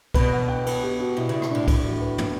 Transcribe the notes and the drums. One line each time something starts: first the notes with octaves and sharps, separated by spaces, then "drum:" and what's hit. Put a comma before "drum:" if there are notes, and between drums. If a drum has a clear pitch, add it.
B2 B4, drum: kick C2, cymbal
F#5
G5
B4, drum: cymbal
G4
F#4
B2 E4
C#3 E4
drum: rim click
A2 D4
A2 E4, drum: kick C2, cymbal
F#4
B4
drum: tom